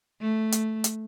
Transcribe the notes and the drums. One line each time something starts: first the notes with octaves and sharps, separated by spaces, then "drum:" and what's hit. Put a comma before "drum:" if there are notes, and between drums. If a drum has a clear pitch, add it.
A3
drum: hi-hat
drum: hi-hat